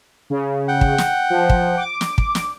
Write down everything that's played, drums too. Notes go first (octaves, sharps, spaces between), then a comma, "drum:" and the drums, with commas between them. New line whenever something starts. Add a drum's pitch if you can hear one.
C#3
F#5 G5
drum: kick
drum: snare
F3
drum: kick
D6
drum: snare
drum: kick
drum: snare